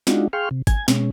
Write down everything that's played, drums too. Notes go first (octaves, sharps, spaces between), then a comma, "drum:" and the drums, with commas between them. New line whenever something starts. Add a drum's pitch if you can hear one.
G#3 D4 D#4 F4 F#4, drum: snare
G#4 F5 G5 C6 C#6 F6
C3
G#5 G#6, drum: kick G#1, hi-hat
B2 G#3 C#4, drum: snare